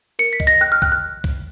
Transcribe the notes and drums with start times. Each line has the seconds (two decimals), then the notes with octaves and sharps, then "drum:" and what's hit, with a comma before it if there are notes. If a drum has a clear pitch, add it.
0.19 A#4 C#7
0.33 B6
0.40 D#5, drum: kick, tambourine
0.47 A#6
0.61 G5 F#6
0.72 F6
0.82 G5 F#6, drum: kick, tambourine
0.92 F#6
1.24 drum: kick, tambourine